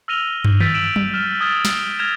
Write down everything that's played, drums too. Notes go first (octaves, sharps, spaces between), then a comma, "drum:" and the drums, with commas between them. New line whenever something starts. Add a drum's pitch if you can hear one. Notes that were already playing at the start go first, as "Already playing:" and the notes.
E6 F6 A#6 D#7 F7 G7
drum: tom
E6 G6 A6 B6 D7 D#7, drum: tom
E6 B6 D7 E7 F#7
drum: tom F#3
F6 E7
D#6 F6 G#6 A6
drum: snare
F6 G#6 A#6 E7 F7